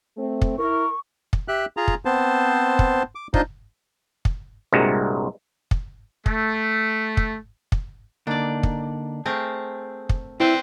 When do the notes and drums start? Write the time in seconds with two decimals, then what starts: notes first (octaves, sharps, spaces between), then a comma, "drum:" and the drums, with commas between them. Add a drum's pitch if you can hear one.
0.17 A3 C4
0.42 drum: kick
0.58 E4 A#4 C#6
1.33 drum: kick
1.48 G4 E5 F#6
1.77 F4 G#4 A#5
1.88 drum: kick
2.05 B3 C4 C5 A5
2.79 drum: kick
3.15 D6
3.34 D4 D#4 F4 C5 D#5, drum: kick
4.25 drum: kick
4.73 C2 G2 A#2 G#3 F#4
5.71 drum: kick
6.26 A3, drum: kick
7.17 drum: kick
7.72 drum: kick
8.27 D3 A#3 D4 D#4 D5
8.63 drum: kick
9.26 A3 C4 G#4 A#4
10.09 drum: kick
10.40 C4 E4 B4 C5 D5 E5